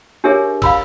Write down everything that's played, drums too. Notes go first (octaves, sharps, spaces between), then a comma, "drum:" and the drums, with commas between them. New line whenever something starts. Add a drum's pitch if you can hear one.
D4 G4 G#4 A#4 C#5 E5
F5 B5 E6, drum: kick, cymbal